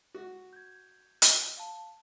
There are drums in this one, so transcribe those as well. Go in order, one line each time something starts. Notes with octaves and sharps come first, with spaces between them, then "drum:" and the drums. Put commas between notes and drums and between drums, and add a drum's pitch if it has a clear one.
F#4
G6 G#6
drum: hi-hat
F5 A5